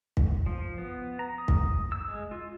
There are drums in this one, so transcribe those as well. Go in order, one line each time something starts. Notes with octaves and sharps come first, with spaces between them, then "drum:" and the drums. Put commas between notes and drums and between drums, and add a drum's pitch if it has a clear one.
drum: kick
F3
B3
A#5
D#6
drum: kick
E6
G#3
F4